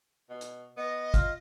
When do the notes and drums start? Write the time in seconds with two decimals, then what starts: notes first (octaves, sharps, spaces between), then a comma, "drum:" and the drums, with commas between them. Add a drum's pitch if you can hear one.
0.30 B2
0.41 drum: hi-hat
0.77 B3 D#5
1.14 F4, drum: kick, hi-hat